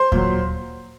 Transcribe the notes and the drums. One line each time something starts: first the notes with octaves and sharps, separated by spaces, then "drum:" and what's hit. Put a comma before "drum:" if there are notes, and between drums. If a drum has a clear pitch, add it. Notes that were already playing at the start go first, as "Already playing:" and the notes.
Already playing: C5 C6
A#2 F#3, drum: kick D#2